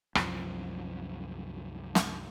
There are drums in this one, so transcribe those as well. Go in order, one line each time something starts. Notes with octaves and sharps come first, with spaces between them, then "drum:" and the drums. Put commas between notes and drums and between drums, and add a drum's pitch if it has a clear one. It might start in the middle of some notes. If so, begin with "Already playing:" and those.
C2 F#2 F3, drum: rim click
drum: snare